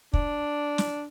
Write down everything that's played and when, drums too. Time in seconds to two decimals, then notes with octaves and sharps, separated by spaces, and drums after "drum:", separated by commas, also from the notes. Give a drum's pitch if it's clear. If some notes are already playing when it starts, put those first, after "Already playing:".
0.13 D4, drum: kick
0.78 drum: snare